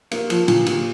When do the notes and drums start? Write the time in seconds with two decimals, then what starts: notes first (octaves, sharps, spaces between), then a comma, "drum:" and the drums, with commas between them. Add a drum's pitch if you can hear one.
0.11 A#3, drum: cymbal
0.30 F3, drum: cymbal
0.48 A#2, drum: cymbal
0.66 A#2, drum: cymbal